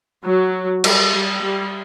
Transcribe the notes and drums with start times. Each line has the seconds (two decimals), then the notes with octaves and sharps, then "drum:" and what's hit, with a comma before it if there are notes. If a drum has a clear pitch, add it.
0.25 F#3
0.84 G3, drum: cymbal
1.13 G3
1.43 G3